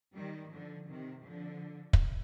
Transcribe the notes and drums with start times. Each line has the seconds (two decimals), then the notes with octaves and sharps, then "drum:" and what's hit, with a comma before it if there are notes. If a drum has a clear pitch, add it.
0.17 D#3 G3
0.53 D3 F3
0.90 C3 D#3
1.25 D3 F3
1.93 drum: kick